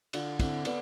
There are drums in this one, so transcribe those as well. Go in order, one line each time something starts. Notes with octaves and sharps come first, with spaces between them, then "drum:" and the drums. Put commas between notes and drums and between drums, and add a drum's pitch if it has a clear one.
D3 D4 F4, drum: cymbal
D3 C4 E4, drum: kick, cymbal
D3 B3 D4, drum: cymbal